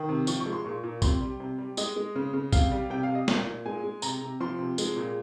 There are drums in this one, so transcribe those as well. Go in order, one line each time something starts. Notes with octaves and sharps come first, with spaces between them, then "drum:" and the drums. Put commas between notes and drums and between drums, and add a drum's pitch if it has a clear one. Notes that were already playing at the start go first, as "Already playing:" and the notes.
Already playing: D#3
C3
F3 C#6, drum: tambourine
C#6
G#3
C6
A#2 C#6
A#2
C3 C6, drum: kick A#1, tambourine
G3
C3
G3
G#3 D#5, drum: tambourine
G#3
C#3
C#3
C3 F5, drum: kick A#1, tambourine
G3
C3 G5
F5
C3
D#5
A#2, drum: snare
A#2
G#3 G#5
G#3
C3 A#5, drum: tambourine
C3
F3 C6
C3
G#3, drum: tambourine
A#2